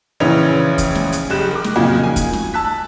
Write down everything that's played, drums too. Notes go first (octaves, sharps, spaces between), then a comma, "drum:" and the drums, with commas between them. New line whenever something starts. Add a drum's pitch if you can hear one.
A#1 C#3 E3 C#4 B4 F7
drum: kick, hi-hat
drum: snare
drum: hi-hat
F#1 G4 F#6 E7
A#4 D6
drum: snare
F2 A#2 C#3 F#3 A#3 D#4
G#5
drum: kick, hi-hat
drum: snare
A5 E6 F#6 B6